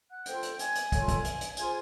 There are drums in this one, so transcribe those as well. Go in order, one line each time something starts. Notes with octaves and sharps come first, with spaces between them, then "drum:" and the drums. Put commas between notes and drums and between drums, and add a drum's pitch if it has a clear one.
F#5 F#6
F4 A4 C5 G5 G6, drum: hi-hat
drum: hi-hat
G#5 G#6, drum: hi-hat
drum: hi-hat
F4 A4 C#5, drum: kick, hi-hat
drum: kick, hi-hat
drum: hi-hat
drum: hi-hat
F4 G#4 C5 G#5 G#6, drum: hi-hat